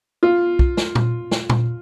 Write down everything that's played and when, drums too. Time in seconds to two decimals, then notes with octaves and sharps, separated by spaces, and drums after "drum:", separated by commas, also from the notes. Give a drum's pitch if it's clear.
0.23 F4
0.59 drum: kick
0.77 drum: snare
0.95 drum: tom A#2
1.31 drum: snare
1.50 drum: tom A#2